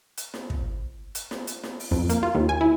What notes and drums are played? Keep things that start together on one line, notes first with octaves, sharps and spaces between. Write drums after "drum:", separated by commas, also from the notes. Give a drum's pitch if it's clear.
drum: hi-hat
drum: snare
drum: kick
drum: hi-hat
drum: snare
drum: hi-hat
drum: snare
drum: open hi-hat
F2
A#3, drum: hi-hat
F4
D#2
G#5
E4